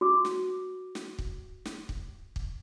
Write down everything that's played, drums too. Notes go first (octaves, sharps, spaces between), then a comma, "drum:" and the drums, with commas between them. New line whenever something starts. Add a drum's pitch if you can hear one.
F#4 D6
drum: snare
drum: snare
drum: kick
drum: snare
drum: kick
drum: kick